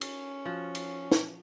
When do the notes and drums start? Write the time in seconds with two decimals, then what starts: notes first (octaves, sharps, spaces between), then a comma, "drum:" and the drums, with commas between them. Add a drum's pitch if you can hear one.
0.01 C#4, drum: cymbal
0.45 F3 F#4
0.75 drum: cymbal
1.12 drum: snare